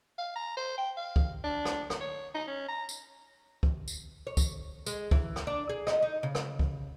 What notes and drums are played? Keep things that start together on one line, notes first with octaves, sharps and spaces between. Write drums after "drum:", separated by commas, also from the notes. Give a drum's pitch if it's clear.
F5
A#5
C5
G5
F5
drum: kick
D4
drum: rim click
drum: rim click
C#5
D#4
C#4
A#5
drum: tambourine
drum: kick
drum: tambourine
C#5
drum: kick, tambourine
G#3, drum: tambourine
E3, drum: kick
drum: rim click
D4
G#4
D#5, drum: rim click
D#4
C#3
drum: rim click
drum: kick